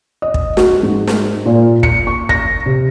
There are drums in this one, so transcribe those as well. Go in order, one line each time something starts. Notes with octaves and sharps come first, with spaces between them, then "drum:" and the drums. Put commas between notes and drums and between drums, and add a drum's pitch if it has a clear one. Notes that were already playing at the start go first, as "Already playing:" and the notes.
D#5
drum: kick
F#4, drum: snare
G#2
drum: snare
A#2
C#7, drum: kick
C#6
A#6, drum: kick
C3